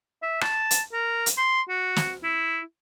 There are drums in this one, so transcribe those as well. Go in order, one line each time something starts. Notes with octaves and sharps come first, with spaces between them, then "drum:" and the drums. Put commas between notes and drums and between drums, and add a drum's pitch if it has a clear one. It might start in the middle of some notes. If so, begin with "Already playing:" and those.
E5
A5, drum: rim click
drum: hi-hat
A#4
drum: hi-hat
C6
F#4
drum: snare
E4